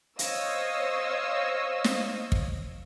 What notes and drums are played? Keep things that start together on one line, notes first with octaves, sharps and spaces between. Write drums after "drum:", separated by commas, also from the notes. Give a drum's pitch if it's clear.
C5 C#5 D#5 F5 E6, drum: hi-hat
drum: snare
drum: kick